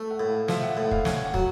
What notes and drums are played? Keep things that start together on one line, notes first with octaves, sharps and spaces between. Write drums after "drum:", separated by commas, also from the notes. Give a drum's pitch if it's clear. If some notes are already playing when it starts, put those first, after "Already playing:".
Already playing: A3
F#5
A2
F5
F3 E5, drum: snare
F#5
A2 F#5
F5, drum: kick
C#4 F#5, drum: snare
F#5
F#3, drum: kick